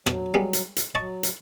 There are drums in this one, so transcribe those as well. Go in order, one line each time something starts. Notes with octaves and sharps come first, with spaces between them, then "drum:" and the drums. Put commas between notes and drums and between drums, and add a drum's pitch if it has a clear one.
B2 F#3, drum: rim click
G3 G#3 B3
drum: hi-hat
drum: hi-hat
F#3 D#5 A5 C#6
drum: hi-hat